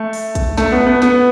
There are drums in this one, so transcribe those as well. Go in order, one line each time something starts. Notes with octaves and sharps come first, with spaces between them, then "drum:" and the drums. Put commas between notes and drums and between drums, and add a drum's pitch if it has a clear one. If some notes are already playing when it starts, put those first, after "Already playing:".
Already playing: A3
drum: open hi-hat
drum: kick, hi-hat
A3, drum: snare
B3
B3
B3, drum: snare